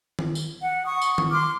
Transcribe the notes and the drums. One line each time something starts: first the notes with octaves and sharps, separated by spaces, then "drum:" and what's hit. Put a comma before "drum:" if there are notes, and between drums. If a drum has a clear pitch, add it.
drum: tom D#3
drum: tambourine
F#5
C#6 D#6
drum: tambourine
drum: tom D#3
C6 D6 F6